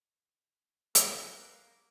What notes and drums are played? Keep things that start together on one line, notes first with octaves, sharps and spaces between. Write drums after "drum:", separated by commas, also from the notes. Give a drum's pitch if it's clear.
A#3 B4, drum: hi-hat